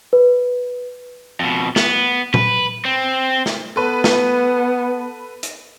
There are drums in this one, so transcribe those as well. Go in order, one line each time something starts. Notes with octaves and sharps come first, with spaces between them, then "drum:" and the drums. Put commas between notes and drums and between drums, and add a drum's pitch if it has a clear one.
B4
F2 B2
B3, drum: snare
B4, drum: tom A#2
C4
drum: snare
B3 A4 B4
drum: snare
drum: hi-hat